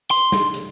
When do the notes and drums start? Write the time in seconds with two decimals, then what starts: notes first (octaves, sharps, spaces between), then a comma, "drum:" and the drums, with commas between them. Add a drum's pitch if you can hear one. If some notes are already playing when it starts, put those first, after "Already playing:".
0.11 C6, drum: hi-hat
0.32 drum: snare
0.54 drum: hi-hat